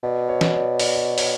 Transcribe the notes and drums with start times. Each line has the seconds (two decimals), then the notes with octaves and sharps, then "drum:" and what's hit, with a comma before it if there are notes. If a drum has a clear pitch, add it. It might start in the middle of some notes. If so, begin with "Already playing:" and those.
0.03 B2 D5
0.29 C#5
0.41 drum: snare
0.54 D5
0.80 D5, drum: open hi-hat
0.95 D5
1.18 C#5, drum: open hi-hat